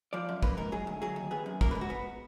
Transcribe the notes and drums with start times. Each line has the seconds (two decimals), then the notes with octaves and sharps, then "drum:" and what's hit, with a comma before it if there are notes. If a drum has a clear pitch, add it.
0.13 F3 D5
0.29 F#2
0.42 A#3 B4, drum: kick
0.57 G#2 A#4
0.72 F#3 G#4
0.87 D2
1.02 F#3 G#4
1.16 D#2
1.31 B3 G#4
1.46 F#2
1.61 A#3 A#4, drum: kick
1.71 B4
1.75 G#2
1.81 F#4
1.90 B3